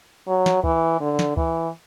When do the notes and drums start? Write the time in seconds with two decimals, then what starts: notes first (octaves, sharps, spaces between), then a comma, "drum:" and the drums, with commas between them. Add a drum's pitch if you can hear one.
0.28 F#3
0.46 drum: snare
0.64 E3, drum: kick C#2
1.01 D3
1.19 drum: snare
1.37 E3, drum: kick C#2